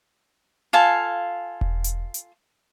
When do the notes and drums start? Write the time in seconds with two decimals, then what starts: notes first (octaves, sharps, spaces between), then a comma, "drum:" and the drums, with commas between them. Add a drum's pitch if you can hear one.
0.73 F4 A4 F5 G#5
1.61 drum: kick E1
1.84 drum: hi-hat
2.14 drum: hi-hat